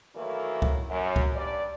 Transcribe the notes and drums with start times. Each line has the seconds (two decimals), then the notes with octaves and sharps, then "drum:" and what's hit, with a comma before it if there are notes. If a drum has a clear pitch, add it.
0.15 D#3 E3 F#3 A3 A#3 E4
0.62 drum: kick C#2
0.89 F#2
1.16 drum: kick C#2
1.33 G2 D5